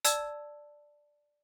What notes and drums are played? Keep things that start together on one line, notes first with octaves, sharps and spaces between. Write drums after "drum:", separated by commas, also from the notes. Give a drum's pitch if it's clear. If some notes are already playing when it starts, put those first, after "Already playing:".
D5 A5 E6 G#6, drum: hi-hat